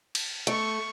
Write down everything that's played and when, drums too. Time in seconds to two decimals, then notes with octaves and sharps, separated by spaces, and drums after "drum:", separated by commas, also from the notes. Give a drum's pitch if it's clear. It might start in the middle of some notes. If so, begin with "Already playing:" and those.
0.15 drum: cymbal
0.47 A3 C#6, drum: hi-hat